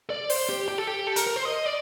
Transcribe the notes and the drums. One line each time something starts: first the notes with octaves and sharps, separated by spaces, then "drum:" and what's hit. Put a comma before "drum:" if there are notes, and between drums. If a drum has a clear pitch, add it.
D5
C5, drum: open hi-hat
G4
G4
A4
G4
A4
A#4, drum: hi-hat
A#4
C5
D#5
D5